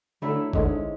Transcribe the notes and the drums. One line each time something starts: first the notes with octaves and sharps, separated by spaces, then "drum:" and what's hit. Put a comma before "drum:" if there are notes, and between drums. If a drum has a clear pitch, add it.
D3 F#3 A3 E4 A4
G#2 D3 G#3 C#4, drum: kick